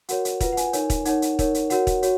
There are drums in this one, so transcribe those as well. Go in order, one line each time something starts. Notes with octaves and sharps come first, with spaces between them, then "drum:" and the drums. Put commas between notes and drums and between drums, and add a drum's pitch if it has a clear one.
F#4 A#4 C#5 F#5, drum: hi-hat
drum: hi-hat
F4 B4 F#5, drum: kick, hi-hat
F#5
G#5, drum: hi-hat
D#4 A#4 C#5, drum: hi-hat
drum: kick, hi-hat
D#4 A#4 C#5 F#5, drum: hi-hat
drum: hi-hat
D#4 A#4 C#5, drum: kick, hi-hat
drum: hi-hat
F#4 A#4 C#5 F#5, drum: hi-hat
drum: kick, hi-hat
F#4 C#5, drum: hi-hat